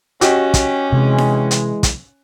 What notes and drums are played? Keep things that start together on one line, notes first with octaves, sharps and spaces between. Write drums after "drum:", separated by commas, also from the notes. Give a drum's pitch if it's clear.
C#4 F#4 G4 D#5, drum: hi-hat
drum: kick, hi-hat
C3 E3 G#3
drum: snare D4
drum: hi-hat
drum: kick, hi-hat